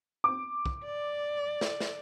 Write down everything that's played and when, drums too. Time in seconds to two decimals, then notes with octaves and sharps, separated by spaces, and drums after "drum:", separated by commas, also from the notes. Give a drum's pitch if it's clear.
0.24 D6
0.66 drum: kick
0.85 D5
1.61 drum: snare
1.81 drum: snare